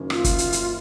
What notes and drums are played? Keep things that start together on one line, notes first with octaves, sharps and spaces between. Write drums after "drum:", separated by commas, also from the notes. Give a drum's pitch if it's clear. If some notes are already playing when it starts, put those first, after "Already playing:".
Already playing: F#1 F#2 D#3 A#3 C#4
F4, drum: rim click
drum: kick, hi-hat
drum: hi-hat
drum: hi-hat